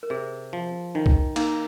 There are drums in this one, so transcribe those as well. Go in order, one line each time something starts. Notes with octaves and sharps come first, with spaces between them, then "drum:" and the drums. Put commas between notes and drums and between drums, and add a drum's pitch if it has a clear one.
A#4
C3 G#4
F3
D#3 D#4
drum: kick B1
A#3 D#4, drum: cymbal